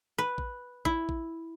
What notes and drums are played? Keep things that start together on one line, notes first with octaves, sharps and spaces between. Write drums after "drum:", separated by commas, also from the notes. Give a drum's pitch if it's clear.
B4
drum: kick A1
E4, drum: kick A1
drum: kick A1